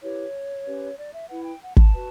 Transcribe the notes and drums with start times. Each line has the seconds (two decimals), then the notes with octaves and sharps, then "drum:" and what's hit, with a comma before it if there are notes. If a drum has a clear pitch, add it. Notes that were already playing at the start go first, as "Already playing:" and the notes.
0.02 E4 G4 B4 C#5
0.66 C#4 G4 B4
0.98 D5
1.13 E5
1.29 E4 B4 F#5
1.45 G5
1.61 F#5
1.77 A5, drum: kick
1.92 F#4 B4